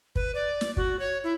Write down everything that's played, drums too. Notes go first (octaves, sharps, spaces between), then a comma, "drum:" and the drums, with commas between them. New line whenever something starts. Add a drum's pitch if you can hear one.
B4, drum: kick
D5
drum: snare
F#4, drum: kick
C#5
E4